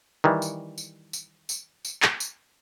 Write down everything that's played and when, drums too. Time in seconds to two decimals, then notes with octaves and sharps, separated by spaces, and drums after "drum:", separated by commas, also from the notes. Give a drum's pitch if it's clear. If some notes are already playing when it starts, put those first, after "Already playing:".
0.24 D#3 E3 G3
0.42 drum: tambourine
0.78 drum: tambourine
1.13 drum: tambourine
1.49 drum: tambourine
1.85 drum: tambourine
2.02 drum: clap
2.20 drum: tambourine